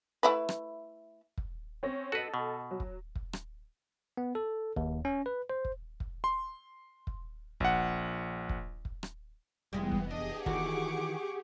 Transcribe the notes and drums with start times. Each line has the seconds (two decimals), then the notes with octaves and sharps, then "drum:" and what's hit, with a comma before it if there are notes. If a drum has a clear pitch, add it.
0.23 A3 E4 B4
0.49 drum: rim click
1.38 drum: kick
1.83 C4 C#4 A#6
2.12 F#4 A4 B4 D#5
2.34 B2
2.71 F#3
2.80 drum: kick
3.15 drum: kick
3.33 drum: rim click
4.17 B3
4.35 A4
4.76 D#2, drum: kick
5.05 C#4
5.26 B4
5.50 C5
5.65 drum: kick
6.00 drum: kick
6.24 C6
7.07 drum: kick
7.60 A#1 F#5, drum: kick
8.49 drum: kick
8.85 drum: kick
9.03 drum: rim click
9.73 F1 E3 G3 G#3 B3 E4
9.92 drum: kick
10.11 D4 G4 G#4 D#5
10.46 D#3 E3 F#4 F#5 C#6 D6, drum: kick